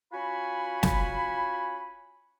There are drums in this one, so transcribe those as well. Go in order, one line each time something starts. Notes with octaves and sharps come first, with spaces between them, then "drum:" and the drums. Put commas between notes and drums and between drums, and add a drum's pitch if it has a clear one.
C#4 F4 F#4 G#5 B5
drum: snare